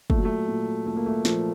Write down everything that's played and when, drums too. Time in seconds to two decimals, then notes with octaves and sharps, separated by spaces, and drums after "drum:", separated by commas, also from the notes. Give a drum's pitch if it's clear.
0.10 A#2 A3, drum: kick
0.18 F#3
0.25 A3
0.48 A#2
0.87 A#2 A3
0.96 A#3
1.06 A3
1.25 A#2 F3, drum: snare